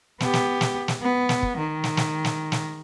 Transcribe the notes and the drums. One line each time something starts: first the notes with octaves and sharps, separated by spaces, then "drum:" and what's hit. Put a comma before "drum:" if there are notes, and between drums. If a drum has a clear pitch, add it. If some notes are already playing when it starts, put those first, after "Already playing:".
B3 G4, drum: snare
drum: snare
drum: snare
drum: snare
B3
drum: snare
drum: kick
D#3
drum: snare
drum: snare
drum: snare
drum: snare